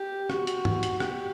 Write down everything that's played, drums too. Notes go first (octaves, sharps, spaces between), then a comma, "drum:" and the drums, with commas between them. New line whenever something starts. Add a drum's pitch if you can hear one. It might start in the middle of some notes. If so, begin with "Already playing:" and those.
Already playing: G4
F#4, drum: rim click
drum: hi-hat
drum: tom
drum: hi-hat
G4, drum: rim click